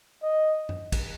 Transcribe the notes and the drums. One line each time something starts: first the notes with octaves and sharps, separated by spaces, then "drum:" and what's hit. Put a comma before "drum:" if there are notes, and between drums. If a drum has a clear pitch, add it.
D#5
drum: tom F#2
drum: kick, cymbal